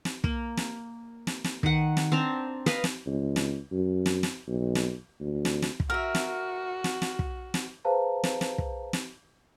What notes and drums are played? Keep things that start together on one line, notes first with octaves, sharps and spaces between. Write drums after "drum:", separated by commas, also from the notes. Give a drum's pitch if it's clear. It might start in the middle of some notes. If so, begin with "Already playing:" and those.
drum: snare
A#3, drum: kick
drum: snare
drum: snare
drum: snare
D#3 F#5, drum: kick
drum: snare
C4 D4 A5 A#5
B4 D#5 F5, drum: snare
drum: snare
C#2
drum: snare
F#2
drum: snare
drum: snare
B1
drum: snare
D2
drum: snare
drum: snare
drum: kick
F#4 A#4 E5 F6
drum: snare
drum: snare
drum: snare
drum: kick
drum: snare
G#4 B4 C5 F5 A5 A#5
drum: snare
drum: snare
drum: kick
drum: snare